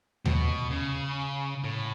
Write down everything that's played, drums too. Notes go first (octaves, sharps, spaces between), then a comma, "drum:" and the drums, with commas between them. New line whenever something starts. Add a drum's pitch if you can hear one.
B2, drum: tom D#2
C#3
A2